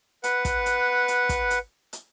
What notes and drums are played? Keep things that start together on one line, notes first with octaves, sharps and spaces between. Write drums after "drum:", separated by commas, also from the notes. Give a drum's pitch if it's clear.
B4 F#5, drum: hi-hat
drum: kick, hi-hat
drum: hi-hat
drum: hi-hat
drum: kick, hi-hat
drum: hi-hat
drum: hi-hat